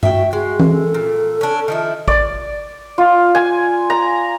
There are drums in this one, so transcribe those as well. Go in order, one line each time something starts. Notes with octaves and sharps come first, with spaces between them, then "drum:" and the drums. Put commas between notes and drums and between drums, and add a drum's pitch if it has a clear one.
F#4 E5 G5, drum: tom G2
G#3 F#4
drum: tom E3
A4
A#2
C#4 D4
D#3 F3 E4
D5, drum: kick
F4
G#5
A#5